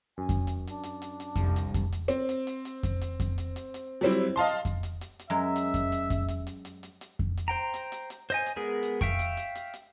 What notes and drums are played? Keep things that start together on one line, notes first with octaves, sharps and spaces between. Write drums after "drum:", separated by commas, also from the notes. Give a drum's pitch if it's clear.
F#2 G#5
drum: kick F2, hi-hat
drum: hi-hat
D4, drum: hi-hat
drum: hi-hat
drum: hi-hat
drum: hi-hat
C2 F2, drum: kick F2, hi-hat
drum: hi-hat
drum: kick F2, hi-hat
drum: hi-hat
C4, drum: hi-hat
drum: hi-hat
drum: hi-hat
drum: hi-hat
drum: kick F2, hi-hat
drum: hi-hat
drum: kick F2, hi-hat
drum: hi-hat
drum: hi-hat
drum: hi-hat
F#3 G3 C4 E4
drum: hi-hat
D#5 F5 A5 C6
drum: hi-hat
drum: kick F2, hi-hat
drum: hi-hat
drum: hi-hat
drum: hi-hat
F#2 G#3 A#4 E5
drum: hi-hat
drum: kick F2, hi-hat
drum: hi-hat
drum: kick F2, hi-hat
drum: hi-hat
drum: hi-hat
drum: hi-hat
drum: hi-hat
drum: hi-hat
drum: kick F2
drum: hi-hat
C5 G5 A#5
drum: hi-hat
drum: hi-hat
drum: hi-hat
C5 D#5 G#5, drum: hi-hat
drum: hi-hat
G#3 B3 G#4 A#4
drum: hi-hat
E5 F5 G5 C#6, drum: kick F2, hi-hat
drum: hi-hat
drum: hi-hat
drum: hi-hat
drum: hi-hat